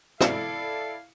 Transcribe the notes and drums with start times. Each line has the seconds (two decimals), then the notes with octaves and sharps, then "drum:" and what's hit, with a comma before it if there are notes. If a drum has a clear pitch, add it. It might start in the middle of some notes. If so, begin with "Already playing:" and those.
0.21 E4 A4 D5 F5 C#7, drum: rim click